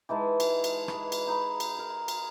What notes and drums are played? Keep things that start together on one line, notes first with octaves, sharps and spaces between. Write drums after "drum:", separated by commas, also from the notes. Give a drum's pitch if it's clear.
E3 G#3 D#4 A5
drum: cymbal
drum: cymbal
G#4 B4, drum: rim click
drum: cymbal
D#4 A#5 B5
drum: cymbal
A#4
drum: cymbal